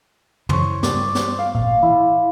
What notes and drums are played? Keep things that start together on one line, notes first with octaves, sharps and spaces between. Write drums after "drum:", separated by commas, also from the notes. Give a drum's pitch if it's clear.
C#3 E3 C5 C#5, drum: tom
G2 D5, drum: snare
drum: snare
F5
G#1 A#2 F5
E3 E4